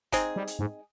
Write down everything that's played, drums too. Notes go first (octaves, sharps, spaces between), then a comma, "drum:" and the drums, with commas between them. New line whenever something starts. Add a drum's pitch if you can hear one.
G#3 C4 D#4 G#4, drum: kick G1, hi-hat
G3
drum: hi-hat
G#2